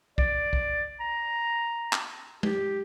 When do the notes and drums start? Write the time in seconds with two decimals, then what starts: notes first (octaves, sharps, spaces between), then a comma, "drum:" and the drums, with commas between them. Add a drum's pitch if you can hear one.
0.18 D5, drum: kick
0.53 drum: kick
1.00 A#5
1.93 drum: clap
2.43 G4, drum: tom G#3